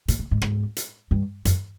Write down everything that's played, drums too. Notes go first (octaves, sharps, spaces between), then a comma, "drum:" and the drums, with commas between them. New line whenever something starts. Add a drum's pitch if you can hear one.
A#2, drum: hi-hat
A2
G#2
G#2, drum: rim click
drum: hi-hat
G2
F#2, drum: hi-hat